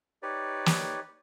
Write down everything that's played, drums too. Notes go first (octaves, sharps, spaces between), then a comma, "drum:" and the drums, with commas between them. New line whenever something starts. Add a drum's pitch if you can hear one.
D#4 G4 B4 C#5 D5
drum: snare